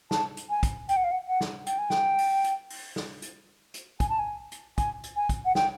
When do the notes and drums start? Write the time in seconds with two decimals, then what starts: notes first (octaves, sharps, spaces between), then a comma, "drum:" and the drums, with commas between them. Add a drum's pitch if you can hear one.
0.11 A5, drum: snare
0.37 drum: hi-hat
0.50 G#5
0.63 drum: kick, hi-hat
0.89 G5, drum: hi-hat
0.97 F#5
1.04 F5
1.11 F#5
1.28 F#5
1.41 drum: snare
1.66 G5, drum: hi-hat
1.78 G#5
1.90 G5, drum: snare
2.18 drum: open hi-hat
2.44 drum: hi-hat
2.70 drum: open hi-hat
2.96 drum: snare
3.22 drum: hi-hat
3.74 drum: hi-hat
4.00 G#5, drum: kick, hi-hat
4.09 A5
4.19 G#5
4.52 drum: hi-hat
4.78 G#5, drum: kick, hi-hat
5.04 drum: hi-hat
5.16 G#5
5.29 drum: kick, hi-hat
5.45 F#5
5.55 G5, drum: snare